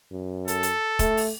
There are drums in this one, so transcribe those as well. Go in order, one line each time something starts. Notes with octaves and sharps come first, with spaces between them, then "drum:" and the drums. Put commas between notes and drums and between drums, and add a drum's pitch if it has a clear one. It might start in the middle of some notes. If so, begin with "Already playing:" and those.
F#2
A4, drum: hi-hat
drum: hi-hat
A3, drum: kick, hi-hat
drum: open hi-hat